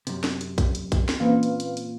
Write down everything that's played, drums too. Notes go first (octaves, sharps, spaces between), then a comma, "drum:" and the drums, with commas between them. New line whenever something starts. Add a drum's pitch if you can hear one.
F#2 C3, drum: hi-hat
drum: snare
drum: hi-hat
drum: kick A#1, hi-hat
drum: hi-hat
drum: kick A#1, hi-hat
drum: snare
A#2 E3 A#3 C4 C#4 B4 F5
drum: hi-hat
drum: hi-hat
drum: hi-hat